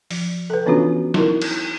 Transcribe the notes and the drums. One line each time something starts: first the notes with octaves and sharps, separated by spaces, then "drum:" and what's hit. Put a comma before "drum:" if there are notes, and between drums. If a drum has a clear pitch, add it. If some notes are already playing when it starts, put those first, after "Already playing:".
F3, drum: open hi-hat
A4 B4
E3 B3 C#4 D4 F4 F#4
D#4 E4 A#4, drum: snare
drum: cymbal